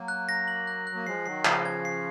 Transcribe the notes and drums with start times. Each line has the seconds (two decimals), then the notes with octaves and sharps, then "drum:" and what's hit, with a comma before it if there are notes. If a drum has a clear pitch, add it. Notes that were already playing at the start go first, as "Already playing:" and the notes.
Already playing: F#3 A#3
0.08 F#6
0.29 A#6
0.48 F#7
0.67 F#6
0.87 F#6
0.95 A#3
1.07 F3 G#3 C7
1.26 D#3 F#3 C7
1.45 C#3 F3 C7, drum: clap
1.65 G#6
1.85 C7